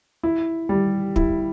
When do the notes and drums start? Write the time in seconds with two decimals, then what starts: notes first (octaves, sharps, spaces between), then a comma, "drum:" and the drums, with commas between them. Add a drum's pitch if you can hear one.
0.23 E4
0.69 G3
1.16 E4, drum: kick